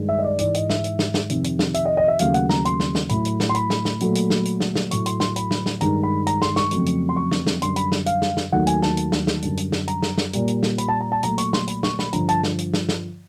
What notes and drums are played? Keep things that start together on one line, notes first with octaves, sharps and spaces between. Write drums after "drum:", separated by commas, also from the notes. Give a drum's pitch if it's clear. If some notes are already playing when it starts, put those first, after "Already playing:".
Already playing: G2 D#3 G#3
E5
D#5
D5
G#2 E3 G#3 D5, drum: hi-hat
D#5, drum: hi-hat
E5, drum: snare
drum: hi-hat
drum: snare
drum: snare
F2 C3 D#3, drum: hi-hat
drum: hi-hat
drum: snare
E5, drum: hi-hat
D#5
D#5
E5
D#2 C#3 F#3 A3 F5, drum: hi-hat
F#5, drum: hi-hat
A#5, drum: snare
C6, drum: hi-hat
drum: snare
drum: snare
A2 F#3 A3 B5, drum: hi-hat
drum: hi-hat
drum: snare
C6
B5, drum: hi-hat
drum: snare
drum: snare
A#2 F#3 A3, drum: hi-hat
drum: hi-hat
drum: snare
drum: hi-hat
drum: snare
drum: snare
A2 F#3 A3 C#6, drum: hi-hat
C6, drum: hi-hat
C6, drum: snare
B5, drum: hi-hat
drum: snare
drum: snare
G2 D#3 G#3 A#5, drum: hi-hat
B5
A#5, drum: hi-hat
C6, drum: snare
C#6, drum: snare
F2 C#3 F#3 A3, drum: hi-hat
drum: hi-hat
C6
C#6
drum: snare
drum: snare
F#2 D3 G3 C6, drum: hi-hat
B5, drum: hi-hat
drum: snare
F5, drum: hi-hat
drum: snare
drum: snare
D#2 D#3 F#3 A3 F#5
G#5, drum: hi-hat
A5, drum: snare
drum: hi-hat
drum: snare
drum: snare
F#2 D3 G3, drum: hi-hat
drum: hi-hat
drum: snare
A#5, drum: hi-hat
drum: snare
drum: snare
A#2 G3, drum: hi-hat
drum: hi-hat
drum: snare
B5, drum: hi-hat
A5
A#5
A5
A#2 F#3 A3 A#5, drum: hi-hat
C#6, drum: hi-hat
C6, drum: snare
B5, drum: hi-hat
C#6, drum: snare
B5, drum: snare
G2 D3 F3 A#5, drum: hi-hat
A5, drum: hi-hat
drum: snare
drum: hi-hat
drum: snare
drum: snare